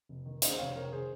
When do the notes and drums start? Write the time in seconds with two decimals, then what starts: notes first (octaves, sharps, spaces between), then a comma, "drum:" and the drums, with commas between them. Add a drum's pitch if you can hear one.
0.09 F1
0.26 D#3
0.42 D#2 C5 D#5, drum: hi-hat
0.58 F1 C#5 F5
0.71 C5
0.75 F1 A#4 C#5
0.91 D#3 G#4 C5